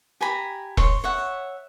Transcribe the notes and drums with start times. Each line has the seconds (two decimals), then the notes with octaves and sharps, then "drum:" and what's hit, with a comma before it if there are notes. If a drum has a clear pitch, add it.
0.21 G4 G#5 A#5 B5
0.77 C#5 C6, drum: kick E1
1.04 C#5 E5 F#5